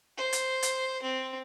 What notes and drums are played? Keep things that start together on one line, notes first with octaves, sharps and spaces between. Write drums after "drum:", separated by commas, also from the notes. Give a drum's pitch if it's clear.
C5
drum: hi-hat
drum: hi-hat
C4